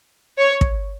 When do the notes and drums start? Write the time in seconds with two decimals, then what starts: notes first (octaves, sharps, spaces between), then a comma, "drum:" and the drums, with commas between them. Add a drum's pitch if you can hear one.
0.38 C#5
0.61 drum: kick